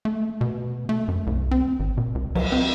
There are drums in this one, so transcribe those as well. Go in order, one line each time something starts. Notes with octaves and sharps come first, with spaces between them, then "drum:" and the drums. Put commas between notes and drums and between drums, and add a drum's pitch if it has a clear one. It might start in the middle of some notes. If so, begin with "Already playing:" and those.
A3
B2
A3
F#2
C2
C4
G#1
B2
C#2
F#3, drum: cymbal
C4